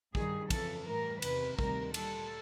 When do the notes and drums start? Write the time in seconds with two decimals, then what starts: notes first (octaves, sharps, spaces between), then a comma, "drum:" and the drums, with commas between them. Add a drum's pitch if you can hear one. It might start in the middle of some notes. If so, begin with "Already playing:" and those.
0.15 G2 D#3 G3 G#4, drum: kick
0.50 F2 C#3 E3 A4, drum: kick, cymbal
0.87 A2 E3 G3 A#4
1.22 E2 C3 D#3 B4, drum: cymbal
1.59 D2 C3 D#3 G3 A#4, drum: kick
1.94 A#2 G3 A4, drum: cymbal